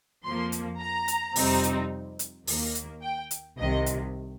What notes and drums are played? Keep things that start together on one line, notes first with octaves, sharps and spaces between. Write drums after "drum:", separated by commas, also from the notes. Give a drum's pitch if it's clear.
F2 F3 A#3 C6
drum: hi-hat
A#5
drum: hi-hat
F2 C3 G3 C4 D#4, drum: open hi-hat
drum: hi-hat
drum: hi-hat
D#2 D#3 A#3, drum: open hi-hat
drum: hi-hat
G5
drum: hi-hat
C2 C3 D#3 D#5
drum: hi-hat